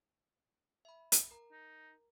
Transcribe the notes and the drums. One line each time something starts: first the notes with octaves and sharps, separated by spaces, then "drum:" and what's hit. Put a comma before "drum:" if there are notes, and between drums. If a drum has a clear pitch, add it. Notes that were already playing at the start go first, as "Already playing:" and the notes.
E5 B5
drum: hi-hat
A#4 A#5
D#4